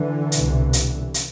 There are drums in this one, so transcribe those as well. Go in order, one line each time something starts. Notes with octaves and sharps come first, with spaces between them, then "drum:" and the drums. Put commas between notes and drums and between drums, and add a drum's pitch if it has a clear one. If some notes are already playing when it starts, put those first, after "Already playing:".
Already playing: D3 E3
C2 B2, drum: hi-hat
drum: hi-hat
drum: hi-hat